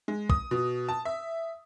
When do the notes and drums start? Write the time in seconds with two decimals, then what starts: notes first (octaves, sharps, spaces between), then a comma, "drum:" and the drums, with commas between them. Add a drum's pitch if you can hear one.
0.08 G#3
0.30 D#6, drum: kick
0.51 B2
0.89 A5
1.05 E5